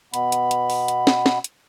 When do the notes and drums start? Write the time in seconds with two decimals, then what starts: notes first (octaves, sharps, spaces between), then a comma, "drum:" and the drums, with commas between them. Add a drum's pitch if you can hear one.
0.14 B2 B3 B5, drum: hi-hat
0.32 drum: hi-hat
0.51 drum: hi-hat
0.70 drum: open hi-hat
0.88 drum: hi-hat
1.07 drum: snare
1.26 drum: snare
1.44 drum: hi-hat